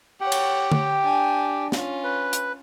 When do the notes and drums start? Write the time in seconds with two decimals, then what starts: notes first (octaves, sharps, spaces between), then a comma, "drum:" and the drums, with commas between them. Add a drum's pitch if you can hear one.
0.21 G4 C#5 F#5 G5
0.32 drum: cymbal
0.72 drum: tom D3
1.03 D4 G#5
1.72 C#4 F4, drum: snare
2.04 B4
2.33 drum: hi-hat